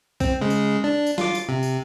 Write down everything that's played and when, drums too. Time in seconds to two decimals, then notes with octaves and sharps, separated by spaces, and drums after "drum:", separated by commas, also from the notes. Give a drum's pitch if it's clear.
0.20 C4, drum: kick B1, tambourine
0.41 C#3 G#3
0.50 drum: tambourine
0.84 D4
1.07 drum: tambourine
1.18 F4 D6, drum: snare
1.35 drum: tambourine
1.49 C3
1.63 drum: tambourine